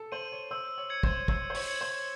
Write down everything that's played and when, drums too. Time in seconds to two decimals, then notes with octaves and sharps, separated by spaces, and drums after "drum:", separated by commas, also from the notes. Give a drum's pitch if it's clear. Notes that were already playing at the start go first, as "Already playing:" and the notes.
Already playing: A4
0.12 C5 D#7 F#7
0.32 C#5
0.51 C5 E6
0.78 C#5
0.89 G#6 C#7 F#7
1.03 C5, drum: kick
1.28 C5 E6, drum: kick
1.50 C5
1.55 C#5, drum: open hi-hat
1.67 G#6 C#7 F#7
1.81 C5